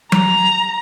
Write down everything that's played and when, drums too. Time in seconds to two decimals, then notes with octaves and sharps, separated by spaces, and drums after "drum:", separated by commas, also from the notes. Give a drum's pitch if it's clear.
0.12 A#5, drum: tom F#3